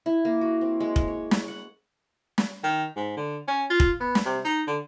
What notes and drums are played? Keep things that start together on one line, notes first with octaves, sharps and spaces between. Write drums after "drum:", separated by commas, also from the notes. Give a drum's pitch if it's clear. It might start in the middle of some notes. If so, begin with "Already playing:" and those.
E4
A#3
F#4
C4
G#3
drum: kick
C#5
drum: snare
F#5
drum: snare
D#3
G#2
D3
C#4
F4
drum: kick
B3
drum: snare
C3
D#4
D3